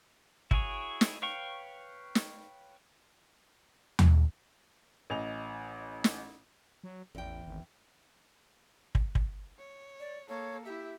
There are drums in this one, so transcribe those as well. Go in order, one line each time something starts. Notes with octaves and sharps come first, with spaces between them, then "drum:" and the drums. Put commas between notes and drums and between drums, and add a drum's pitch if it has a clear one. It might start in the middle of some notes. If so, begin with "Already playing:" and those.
E4 F#4 G#4 C#5, drum: kick
drum: snare
B4 C#5 F5 G5 C#6
drum: snare
drum: tom
A1 D#5 G#5 F7
drum: snare
F#3
A1 E2 G5
G#1
drum: kick
drum: kick
C#5
D5
A#3 A4 C#5
E4 G4 E5